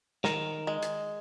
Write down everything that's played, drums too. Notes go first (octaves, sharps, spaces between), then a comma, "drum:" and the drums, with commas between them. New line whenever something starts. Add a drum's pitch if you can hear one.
D#3 A#4, drum: snare
G#3
drum: hi-hat